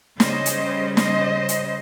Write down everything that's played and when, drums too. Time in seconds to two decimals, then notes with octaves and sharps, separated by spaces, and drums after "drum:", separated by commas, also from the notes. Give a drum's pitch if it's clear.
0.20 C#3 G3 C#4 C5 D#5, drum: snare
0.46 drum: hi-hat
0.97 C5 D#5, drum: snare
1.49 drum: hi-hat